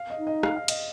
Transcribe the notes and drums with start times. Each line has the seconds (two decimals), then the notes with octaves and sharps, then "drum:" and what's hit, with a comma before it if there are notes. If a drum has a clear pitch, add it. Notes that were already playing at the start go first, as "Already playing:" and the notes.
Already playing: F5
0.10 D#5
0.18 D#4
0.27 D#5
0.43 F5, drum: rim click
0.56 F5
0.68 D#5, drum: cymbal